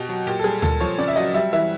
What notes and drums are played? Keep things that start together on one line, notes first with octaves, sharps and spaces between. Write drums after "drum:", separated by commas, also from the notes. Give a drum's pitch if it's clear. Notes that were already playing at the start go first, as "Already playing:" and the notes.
Already playing: B2 G4
F#3
A#2 G4
A4
G3 G#4
A#2 A4, drum: tom D2
F3 C#5
C#3 D5
E5
F#3 D#5
G3 E5
E3 E5